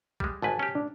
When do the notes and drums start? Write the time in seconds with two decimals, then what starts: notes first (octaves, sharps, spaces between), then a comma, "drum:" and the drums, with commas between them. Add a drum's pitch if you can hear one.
0.20 G3 G#3, drum: kick A#1
0.42 G#1 G#2 B4 G#5 A5
0.59 C#4 G4
0.75 D4